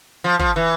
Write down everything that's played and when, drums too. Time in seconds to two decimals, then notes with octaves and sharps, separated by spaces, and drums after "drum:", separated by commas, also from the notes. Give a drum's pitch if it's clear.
0.24 F3
0.39 F3, drum: kick
0.56 E3